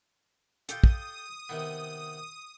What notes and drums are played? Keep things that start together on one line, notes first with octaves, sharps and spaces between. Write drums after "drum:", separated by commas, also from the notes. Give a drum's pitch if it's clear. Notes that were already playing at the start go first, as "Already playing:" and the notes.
F4 G4 A4 D#6, drum: hi-hat
drum: kick
C3 D#3 B3